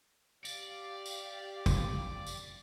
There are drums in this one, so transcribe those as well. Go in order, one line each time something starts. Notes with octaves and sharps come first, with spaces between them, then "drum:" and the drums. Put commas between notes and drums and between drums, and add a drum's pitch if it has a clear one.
G4 D5 F5, drum: tambourine
drum: tambourine
drum: kick, tambourine
drum: tambourine